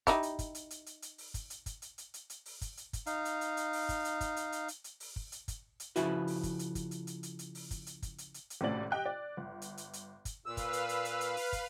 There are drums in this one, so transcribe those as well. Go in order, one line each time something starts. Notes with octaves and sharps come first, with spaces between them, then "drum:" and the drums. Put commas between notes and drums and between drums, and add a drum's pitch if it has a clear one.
D#4 E4 G4, drum: kick, hi-hat
drum: hi-hat
drum: kick, hi-hat
drum: hi-hat
drum: hi-hat
drum: hi-hat
drum: hi-hat
drum: open hi-hat
drum: kick, hi-hat
drum: hi-hat
drum: kick, hi-hat
drum: hi-hat
drum: hi-hat
drum: hi-hat
drum: hi-hat
drum: open hi-hat
drum: kick, hi-hat
drum: hi-hat
drum: kick, hi-hat
D#4 F5, drum: hi-hat
drum: hi-hat
drum: hi-hat
drum: hi-hat
drum: open hi-hat
drum: kick, hi-hat
drum: hi-hat
drum: kick, hi-hat
drum: hi-hat
drum: hi-hat
drum: hi-hat
drum: hi-hat
drum: open hi-hat
drum: kick
drum: hi-hat
drum: kick, hi-hat
drum: hi-hat
C#3 F3 E4 F#4 B4, drum: hi-hat
drum: open hi-hat
drum: kick, hi-hat
drum: hi-hat
drum: kick, hi-hat
drum: hi-hat
drum: hi-hat
drum: hi-hat
drum: hi-hat
drum: open hi-hat
drum: kick, hi-hat
drum: hi-hat
drum: kick, hi-hat
drum: hi-hat
drum: hi-hat
drum: hi-hat
G#1 A2 C3 C#4 D5 F#7
G4 D#5 G5 F#6
D5
G1
drum: hi-hat
drum: hi-hat
drum: hi-hat
drum: kick, hi-hat
A#2 B4 F5 E6
drum: kick, hi-hat
drum: hi-hat
drum: hi-hat
drum: hi-hat
drum: hi-hat
drum: open hi-hat
drum: kick, hi-hat